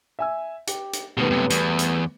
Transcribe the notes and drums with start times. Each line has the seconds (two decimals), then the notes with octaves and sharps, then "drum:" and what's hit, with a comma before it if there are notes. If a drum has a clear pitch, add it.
0.19 E5 G#5 E6
0.67 G4, drum: hi-hat
0.93 drum: hi-hat
1.17 B2 D#3 G3 A3 B3
1.30 F#2 C3
1.50 E2, drum: hi-hat
1.79 drum: hi-hat